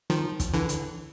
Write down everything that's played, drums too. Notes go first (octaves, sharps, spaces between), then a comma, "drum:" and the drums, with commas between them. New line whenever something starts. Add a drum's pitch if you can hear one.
D#3 F3
drum: kick, hi-hat
D3 E3
drum: hi-hat